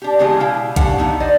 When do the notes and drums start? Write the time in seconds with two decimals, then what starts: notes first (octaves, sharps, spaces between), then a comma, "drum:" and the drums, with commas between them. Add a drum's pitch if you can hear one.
0.02 D4 G4
0.19 C#3 E3 G#3 B3 G4 G#4
0.40 B2 E4 F5 G5
0.76 C#3 D4 G4 F5 F#5, drum: kick A#1, hi-hat
0.98 D#3 G3 B3 D#4 E4
1.20 C5 D5 D#5